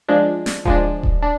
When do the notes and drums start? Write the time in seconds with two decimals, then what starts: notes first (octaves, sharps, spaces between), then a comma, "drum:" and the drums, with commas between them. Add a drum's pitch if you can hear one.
0.08 F3 G#3 D4
0.46 drum: snare
0.65 F3 G#3 D4, drum: kick D#1
1.03 drum: kick D#1
1.22 D4